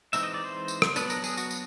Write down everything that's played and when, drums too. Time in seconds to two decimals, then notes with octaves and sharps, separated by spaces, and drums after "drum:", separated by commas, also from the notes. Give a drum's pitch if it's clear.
0.13 E3 G#3 C4 D#4 E5, drum: tambourine
0.23 D#5
0.34 D5
0.44 C5
0.68 drum: tambourine
0.82 drum: rim click
0.96 F#3 B3 D4 B4, drum: tambourine
1.10 A#4, drum: tambourine
1.24 G#4, drum: tambourine
1.37 F#4, drum: tambourine
1.51 drum: tambourine